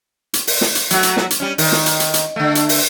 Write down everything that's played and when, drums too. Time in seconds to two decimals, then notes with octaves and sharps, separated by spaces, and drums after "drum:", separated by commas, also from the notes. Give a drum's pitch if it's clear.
0.33 drum: hi-hat
0.47 drum: open hi-hat
0.61 drum: snare
0.75 drum: hi-hat
0.91 F#3 A3 F#4, drum: hi-hat
1.03 drum: hi-hat
1.17 drum: snare
1.30 drum: hi-hat
1.40 G3 C#4
1.58 D#3, drum: open hi-hat
1.72 drum: snare
1.86 drum: hi-hat
2.00 drum: hi-hat
2.14 drum: hi-hat
2.36 D3 A3
2.55 drum: hi-hat
2.69 drum: open hi-hat